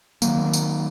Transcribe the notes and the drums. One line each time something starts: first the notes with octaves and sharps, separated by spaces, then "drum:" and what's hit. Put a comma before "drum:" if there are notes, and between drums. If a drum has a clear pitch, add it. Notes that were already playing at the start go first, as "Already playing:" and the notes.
D#3 E3 F#3 A#3, drum: tambourine
drum: tambourine